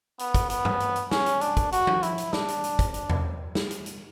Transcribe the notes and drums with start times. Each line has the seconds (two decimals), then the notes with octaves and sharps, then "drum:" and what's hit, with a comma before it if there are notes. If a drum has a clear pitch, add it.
0.19 B3, drum: hi-hat
0.34 drum: kick, hi-hat
0.50 B3, drum: hi-hat
0.65 drum: tom G2
0.80 drum: hi-hat
0.96 drum: hi-hat
1.11 C#4, drum: snare
1.26 drum: hi-hat
1.41 D4, drum: hi-hat
1.57 drum: kick, hi-hat
1.72 F#4, drum: hi-hat
1.87 drum: tom F3
2.03 E4, drum: hi-hat
2.18 drum: hi-hat
2.33 D4, drum: snare
2.48 drum: hi-hat
2.64 drum: hi-hat
2.79 drum: kick, hi-hat
2.94 D4, drum: hi-hat
3.10 drum: tom E2
3.55 drum: snare
3.71 drum: hi-hat
3.86 drum: hi-hat